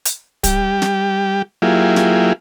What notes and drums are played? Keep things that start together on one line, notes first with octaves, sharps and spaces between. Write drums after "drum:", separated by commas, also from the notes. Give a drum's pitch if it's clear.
drum: hi-hat
G3 G4, drum: kick, hi-hat
drum: snare
F#3 A#3 E4 F4 G4 G#4
drum: snare